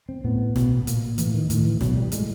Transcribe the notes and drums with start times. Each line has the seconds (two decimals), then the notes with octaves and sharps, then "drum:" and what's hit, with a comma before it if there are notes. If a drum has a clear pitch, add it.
0.09 C4
0.24 A2 B3
0.56 B2, drum: snare
0.76 B3
0.87 A#2 A#3, drum: hi-hat
1.18 A2 E3, drum: hi-hat
1.34 D#3
1.50 A2 D#3, drum: hi-hat
1.65 E3
1.81 B2 F#3, drum: snare
1.96 G3
2.12 A2 G#3, drum: hi-hat